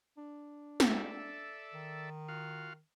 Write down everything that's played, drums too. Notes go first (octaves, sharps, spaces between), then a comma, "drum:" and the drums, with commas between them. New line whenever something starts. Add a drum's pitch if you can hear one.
D4
A4 D5 E5, drum: snare
D#3
F4 F#4 F5